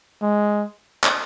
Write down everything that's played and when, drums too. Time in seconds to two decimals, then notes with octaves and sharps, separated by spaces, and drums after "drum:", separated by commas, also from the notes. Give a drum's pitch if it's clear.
0.22 G#3
1.04 drum: clap